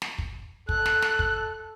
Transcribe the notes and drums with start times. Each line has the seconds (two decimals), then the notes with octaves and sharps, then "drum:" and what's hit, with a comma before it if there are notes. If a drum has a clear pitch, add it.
0.02 drum: snare
0.18 drum: kick
0.69 A4 F#6, drum: kick
0.86 drum: snare
1.02 drum: snare
1.19 drum: kick